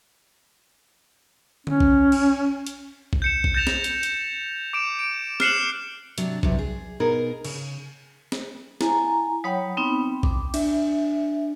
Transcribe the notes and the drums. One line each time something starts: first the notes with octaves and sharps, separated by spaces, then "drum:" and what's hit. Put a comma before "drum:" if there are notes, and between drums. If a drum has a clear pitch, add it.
C#4, drum: tom D3
drum: kick B1
drum: cymbal
drum: hi-hat
drum: kick B1
G6 C#7 E7
drum: kick B1
G6 A6 A#6 E7 F7
drum: snare
drum: hi-hat
drum: hi-hat
D6 D7 E7
D7
F6 F#6 C7 C#7 E7 F#7, drum: snare
C3 F#3 D4, drum: hi-hat
G2 C3 F#3 D4, drum: kick B1
G#4
B2 B3 D#4 G#4 A#4
C#3, drum: cymbal
drum: snare
E4 G#5 A#5, drum: snare
F#3 C#5 F#5 G5 B5 D#6
B3 C4 D#4
D6, drum: kick B1
D4 E5, drum: cymbal